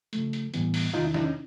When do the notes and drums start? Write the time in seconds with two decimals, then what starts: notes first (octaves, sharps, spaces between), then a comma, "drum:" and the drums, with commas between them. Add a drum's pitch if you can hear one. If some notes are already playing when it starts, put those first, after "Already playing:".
0.13 C#3 F3 A3, drum: hi-hat
0.33 drum: hi-hat
0.54 A2 E3 G3 B3, drum: hi-hat
0.74 drum: open hi-hat
0.94 E2 C3 D#3 D#4 F4
1.04 D4 E4
1.14 D4 E4, drum: snare
1.24 C#4 D#4